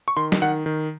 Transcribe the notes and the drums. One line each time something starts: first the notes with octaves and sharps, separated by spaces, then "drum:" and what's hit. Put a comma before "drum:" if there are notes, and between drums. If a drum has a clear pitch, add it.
C#6
D#3 C6
drum: snare
D#3 F#5
D#3